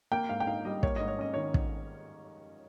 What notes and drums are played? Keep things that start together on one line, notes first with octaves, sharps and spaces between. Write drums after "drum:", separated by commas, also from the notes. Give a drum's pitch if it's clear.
A#3 G5
G#2 F5
G5
D#4 F5
G3 D#5
A#3 C#5, drum: kick
G#2 D#5
C#5
C#4 D#5
D#3 C#5
drum: kick